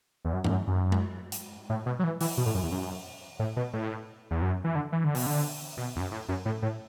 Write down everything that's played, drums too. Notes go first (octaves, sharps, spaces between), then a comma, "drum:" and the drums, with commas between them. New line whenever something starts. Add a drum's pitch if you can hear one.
E2
F#2
E2, drum: tom
F#2
F#2
drum: tom G#3
drum: hi-hat
A2
B2
F#3
E3
E3, drum: open hi-hat
B2
A2
F#2
E2
F#2
A2
B2
A2
E2
F#2
E3
D3
E3
D3
B2, drum: open hi-hat
D3
B2
E2
F#2
A2
F#2
A2
A2